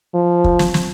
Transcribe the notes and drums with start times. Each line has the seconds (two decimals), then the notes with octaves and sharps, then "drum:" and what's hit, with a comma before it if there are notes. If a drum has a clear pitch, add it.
0.15 F3
0.44 drum: kick
0.59 drum: snare
0.74 drum: snare